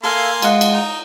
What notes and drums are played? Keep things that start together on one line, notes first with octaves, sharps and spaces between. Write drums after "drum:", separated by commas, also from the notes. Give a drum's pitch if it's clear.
A#3 A4 E5 F5 G#5 C6
G#3 F4 D#5 F#5, drum: cymbal
drum: cymbal
D#4